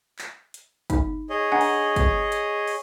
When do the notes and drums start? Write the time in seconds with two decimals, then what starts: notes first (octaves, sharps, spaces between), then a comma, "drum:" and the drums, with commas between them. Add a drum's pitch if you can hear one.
0.19 drum: clap
0.54 drum: hi-hat
0.90 D#4, drum: kick, hi-hat
1.30 G#4 C#5 D#5
1.52 D4 F#5 G#5
1.61 drum: open hi-hat
1.96 drum: kick, hi-hat
2.32 drum: hi-hat
2.67 drum: open hi-hat